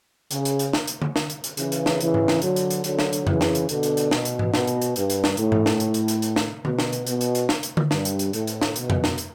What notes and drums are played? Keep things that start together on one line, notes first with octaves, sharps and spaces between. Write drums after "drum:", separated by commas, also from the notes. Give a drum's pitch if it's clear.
C#3, drum: hi-hat
drum: hi-hat
drum: hi-hat
drum: snare
drum: hi-hat
drum: tom D3
drum: snare
drum: hi-hat
drum: hi-hat
C#3 E3, drum: hi-hat
drum: hi-hat
drum: snare
C#3 E3, drum: hi-hat
drum: tom G#2
drum: snare
D3 F#3, drum: hi-hat
drum: hi-hat
drum: hi-hat
D3 F#3, drum: hi-hat
drum: snare
drum: hi-hat
C#3 E3, drum: tom F2
drum: snare
drum: hi-hat
B2 D3, drum: hi-hat
drum: hi-hat
drum: hi-hat
B2, drum: snare
drum: hi-hat
drum: tom G#2
B2, drum: snare
drum: hi-hat
drum: hi-hat
G2, drum: hi-hat
drum: hi-hat
drum: snare
A2, drum: hi-hat
drum: tom G#2
drum: snare
drum: hi-hat
drum: hi-hat
drum: hi-hat
drum: hi-hat
drum: snare
B2, drum: tom D3
drum: snare
drum: hi-hat
B2, drum: hi-hat
drum: hi-hat
drum: hi-hat
drum: snare
drum: hi-hat
drum: tom D3
G2, drum: snare
drum: hi-hat
drum: hi-hat
A2, drum: hi-hat
drum: hi-hat
drum: snare
B2, drum: hi-hat
drum: tom F2
drum: snare
drum: hi-hat